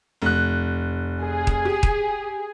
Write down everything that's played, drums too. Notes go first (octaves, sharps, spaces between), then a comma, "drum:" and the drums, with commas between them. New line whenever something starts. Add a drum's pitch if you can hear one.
F1 F#6
G#4
drum: kick D#1
G4
drum: kick D#1